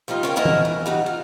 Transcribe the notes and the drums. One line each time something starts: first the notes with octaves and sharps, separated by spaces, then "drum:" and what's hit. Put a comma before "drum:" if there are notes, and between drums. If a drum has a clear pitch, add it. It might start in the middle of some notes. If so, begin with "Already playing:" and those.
F3 G3 D#4 F4
C#4 F4 A#4 G5
F3 B3 E4 A#4 D#5 G#5
drum: tom E3
E3
G3 D#4 F#4
F4